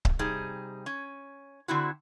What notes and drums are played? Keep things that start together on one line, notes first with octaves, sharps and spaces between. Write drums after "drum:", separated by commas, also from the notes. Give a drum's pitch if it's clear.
drum: kick C#1
C3 G3 D#4 G#4
C#4
D3 C4 E4 F#4